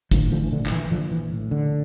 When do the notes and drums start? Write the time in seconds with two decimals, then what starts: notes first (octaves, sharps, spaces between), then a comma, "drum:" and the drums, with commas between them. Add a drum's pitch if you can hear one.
0.11 A2 D3 F3, drum: kick, hi-hat
0.32 D3 F3
0.44 E3
0.52 A#1 D3
0.66 F3, drum: clap
0.72 E3
0.91 A#1 D3 F3
1.11 E3
1.31 A2
1.51 D3